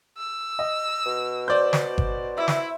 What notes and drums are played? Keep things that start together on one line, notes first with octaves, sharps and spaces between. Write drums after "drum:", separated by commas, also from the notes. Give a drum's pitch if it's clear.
E6
D#5
B2
C5 D5 G6
drum: snare
drum: kick G1
E4 E5
drum: snare